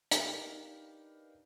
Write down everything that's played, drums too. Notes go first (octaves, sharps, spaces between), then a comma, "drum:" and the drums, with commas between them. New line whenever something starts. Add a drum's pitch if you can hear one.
D4 D#4 G4 A#4 B4 F5, drum: hi-hat